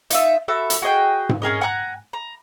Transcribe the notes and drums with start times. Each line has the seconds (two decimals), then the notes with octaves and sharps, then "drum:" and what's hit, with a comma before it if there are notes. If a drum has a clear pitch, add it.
0.10 D#4 F4 E5, drum: hi-hat
0.48 F#4 A4 E5 B5
0.70 drum: hi-hat
0.82 F#4 G#4 D#5 G5
1.29 drum: tom G#2
1.42 C#4 G#4 A#4 D#5
1.61 F#5 G#5 A#5 F#6
2.13 A#5